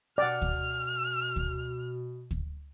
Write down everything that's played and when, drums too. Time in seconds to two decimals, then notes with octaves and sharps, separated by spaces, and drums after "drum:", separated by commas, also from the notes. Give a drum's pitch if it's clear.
0.18 B2 D5 F#5 F6
0.42 drum: kick
1.36 drum: kick
2.31 drum: kick